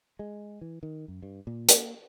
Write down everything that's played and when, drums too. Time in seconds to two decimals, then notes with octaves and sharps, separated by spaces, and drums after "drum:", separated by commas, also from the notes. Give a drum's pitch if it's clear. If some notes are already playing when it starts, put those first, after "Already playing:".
0.19 G#3
0.61 E3
0.83 D#3
1.08 F#2
1.22 G2
1.47 A#2
1.69 A#3, drum: hi-hat